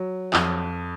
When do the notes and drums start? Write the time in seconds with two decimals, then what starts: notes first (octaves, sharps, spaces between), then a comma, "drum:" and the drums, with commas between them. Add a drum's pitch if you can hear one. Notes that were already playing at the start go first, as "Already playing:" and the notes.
Already playing: F#3
0.33 F2, drum: clap